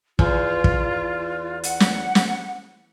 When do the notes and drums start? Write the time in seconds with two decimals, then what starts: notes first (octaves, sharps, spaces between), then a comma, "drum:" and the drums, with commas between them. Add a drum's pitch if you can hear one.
0.19 E2 F4, drum: kick
0.64 drum: kick
1.64 F#5, drum: hi-hat
1.80 drum: snare
2.15 drum: snare